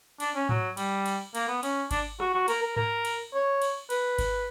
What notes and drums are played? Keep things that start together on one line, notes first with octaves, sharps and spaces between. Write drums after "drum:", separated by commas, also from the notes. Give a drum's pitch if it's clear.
D4, drum: cymbal
C#4
F#3, drum: tom G#2
G3, drum: cymbal
drum: cymbal
A#3, drum: cymbal
B3
C#4, drum: cymbal
D4, drum: kick G#1, cymbal
F#4, drum: rim click
F#4
A#4, drum: cymbal
A#4
A#4, drum: tom G#2
drum: cymbal
C#5
drum: cymbal
B4, drum: cymbal
drum: kick G#1, cymbal